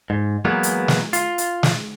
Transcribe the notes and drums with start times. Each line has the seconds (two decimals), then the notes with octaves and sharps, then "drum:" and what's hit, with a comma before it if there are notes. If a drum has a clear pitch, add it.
0.10 G#2
0.45 E3 F#3 G#3 A#3 B3
0.63 drum: hi-hat
0.88 drum: snare
1.13 F4, drum: hi-hat
1.38 drum: hi-hat
1.63 drum: snare